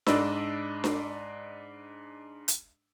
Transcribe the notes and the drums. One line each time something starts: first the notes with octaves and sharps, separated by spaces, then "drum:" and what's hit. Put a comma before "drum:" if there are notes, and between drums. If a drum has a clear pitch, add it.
G#2 D4 D5 D#5 B5 E6, drum: snare D4
drum: snare D4
drum: hi-hat